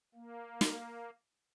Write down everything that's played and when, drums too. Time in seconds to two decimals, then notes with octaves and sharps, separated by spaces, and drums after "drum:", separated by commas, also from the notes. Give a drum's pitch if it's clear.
0.15 A#3
0.61 drum: snare